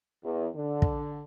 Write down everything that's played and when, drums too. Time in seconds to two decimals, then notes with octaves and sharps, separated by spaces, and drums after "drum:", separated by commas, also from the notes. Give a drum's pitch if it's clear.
0.24 E2
0.56 D3
0.82 drum: kick